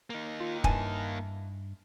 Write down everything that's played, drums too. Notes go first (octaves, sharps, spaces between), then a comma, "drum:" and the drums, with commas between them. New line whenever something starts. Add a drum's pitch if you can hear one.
A#3 D#4
F4
G2 E3 G#5 A5, drum: kick